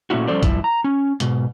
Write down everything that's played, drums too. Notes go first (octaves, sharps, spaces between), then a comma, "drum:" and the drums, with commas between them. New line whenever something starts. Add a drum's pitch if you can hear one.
A#2 A3 C#4 E4 F#4
F3 G3 C#4 A4 C5 D5
G2 F3 E4, drum: kick B1, hi-hat
A#5
C#4
G#2 B2, drum: hi-hat